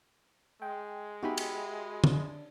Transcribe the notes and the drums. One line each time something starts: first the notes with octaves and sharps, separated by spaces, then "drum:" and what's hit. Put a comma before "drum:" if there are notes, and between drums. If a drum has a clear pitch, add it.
G#3 G5
B3 D#4 F#4 G4 E5 G#5 B5
drum: cymbal
D4, drum: tom